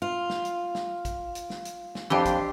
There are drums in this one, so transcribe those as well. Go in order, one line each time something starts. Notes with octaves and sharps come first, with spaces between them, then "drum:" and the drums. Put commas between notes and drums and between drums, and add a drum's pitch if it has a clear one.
F4
drum: snare
drum: hi-hat
drum: snare
drum: kick, hi-hat
drum: hi-hat
drum: snare
drum: hi-hat
drum: snare
F2 E3 D4 G4 C6
drum: kick, hi-hat